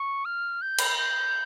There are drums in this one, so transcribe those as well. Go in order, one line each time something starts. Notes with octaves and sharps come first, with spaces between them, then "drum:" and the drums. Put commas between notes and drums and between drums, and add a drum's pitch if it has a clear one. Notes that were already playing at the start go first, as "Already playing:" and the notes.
Already playing: C#6
F6
G6
drum: cymbal
G6